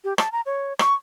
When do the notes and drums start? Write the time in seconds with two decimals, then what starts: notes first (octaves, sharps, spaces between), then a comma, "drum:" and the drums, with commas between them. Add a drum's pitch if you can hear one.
0.04 G4
0.18 A5, drum: rim click
0.32 A#5
0.46 C#5
0.79 C#6, drum: rim click